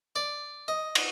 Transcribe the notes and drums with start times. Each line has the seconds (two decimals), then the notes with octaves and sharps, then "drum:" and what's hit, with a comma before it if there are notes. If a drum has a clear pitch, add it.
0.16 D5
0.68 D#5
0.95 drum: cymbal